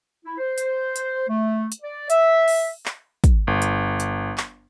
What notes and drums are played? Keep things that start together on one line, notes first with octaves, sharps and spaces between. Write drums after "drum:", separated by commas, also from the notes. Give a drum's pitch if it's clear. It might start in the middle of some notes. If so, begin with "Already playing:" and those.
E4
C5
drum: hi-hat
drum: hi-hat
A3
drum: hi-hat
D5
E5, drum: hi-hat
drum: open hi-hat
drum: clap
drum: kick, hi-hat
G1
drum: hi-hat
drum: hi-hat
drum: clap